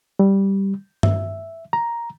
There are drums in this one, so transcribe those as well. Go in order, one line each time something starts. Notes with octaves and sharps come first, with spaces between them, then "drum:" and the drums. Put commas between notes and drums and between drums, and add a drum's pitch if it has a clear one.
G3
E5, drum: tom G2
A#5